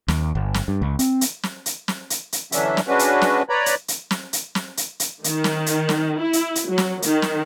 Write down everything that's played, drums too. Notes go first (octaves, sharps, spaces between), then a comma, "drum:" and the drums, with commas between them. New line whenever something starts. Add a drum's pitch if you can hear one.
D#2, drum: snare
G1
drum: snare
G2
C#2
C4, drum: hi-hat
drum: hi-hat
drum: snare
drum: hi-hat
drum: snare
drum: hi-hat
drum: hi-hat
D3 E3 F#3 C#4 D4 E5, drum: hi-hat
drum: snare
G#3 C#4 D4 F#4 B4
drum: hi-hat
drum: snare
B4 C#5 D5 A#5 B5
drum: hi-hat
drum: hi-hat
drum: snare
drum: hi-hat
drum: snare
drum: hi-hat
drum: hi-hat
D#3, drum: hi-hat
drum: snare
drum: hi-hat
drum: snare
E4
drum: hi-hat
drum: hi-hat
F#3
drum: snare
D#3, drum: hi-hat
drum: snare